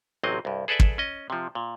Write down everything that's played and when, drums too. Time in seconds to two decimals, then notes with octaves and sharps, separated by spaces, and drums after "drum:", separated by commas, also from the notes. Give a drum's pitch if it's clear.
0.23 A1 C3 F#3 C4 D#5
0.45 C2 G2
0.68 G#4 A4 B4 D5 E5
0.80 drum: kick
0.98 C#4 D#5
1.30 C3 F3
1.55 A#2